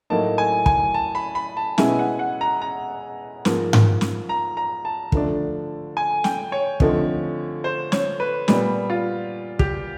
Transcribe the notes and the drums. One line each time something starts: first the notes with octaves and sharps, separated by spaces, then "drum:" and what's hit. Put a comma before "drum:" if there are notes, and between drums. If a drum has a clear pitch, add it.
A2 F#3 A#3 D#4 A5
G#5
G#5, drum: kick
A5
B5
B5
A5
B2 G#3 C#4 E4 G#5, drum: snare
F#5
F#5
A#5
A#5
G#2 F3 A#3, drum: snare
drum: tom G#2
drum: snare
A#5
A#5
A5
D3 F3 A3 D4, drum: kick
G#5
G5, drum: snare
C#5
D3 F3 A3 C4 D#4, drum: kick
C5
C#5, drum: snare
B4
A#2 G3 B3, drum: snare
F4
G4, drum: kick